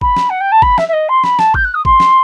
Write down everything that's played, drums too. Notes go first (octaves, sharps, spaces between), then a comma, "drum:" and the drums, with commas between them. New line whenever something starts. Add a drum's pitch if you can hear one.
B5, drum: kick G#1
drum: snare
F#5
G5
A5
B5, drum: kick G#1
E5, drum: snare
E5
D#5
C6
B5, drum: snare
A5, drum: snare
G6, drum: kick G#1
F#6
D#6
C6, drum: kick G#1
drum: snare